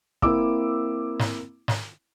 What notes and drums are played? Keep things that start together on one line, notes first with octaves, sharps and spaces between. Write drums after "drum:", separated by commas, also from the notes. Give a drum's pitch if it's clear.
A#3 C4 E4 D6 E6, drum: kick
drum: snare
drum: snare